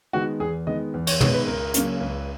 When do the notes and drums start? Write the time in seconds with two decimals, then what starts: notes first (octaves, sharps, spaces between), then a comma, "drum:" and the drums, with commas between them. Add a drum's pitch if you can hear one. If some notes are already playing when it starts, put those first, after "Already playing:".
0.13 D#3 G#3 B3 F#4
0.40 E2 G#4
0.67 D#3 G#3 B3 D#5
0.94 E2
1.07 C#5, drum: cymbal
1.21 D#3 G#3 B3 C#5, drum: tom
1.34 B4
1.47 C#2 A#4
1.74 C#3 F#3 A#3 C#4, drum: hi-hat
2.01 C#2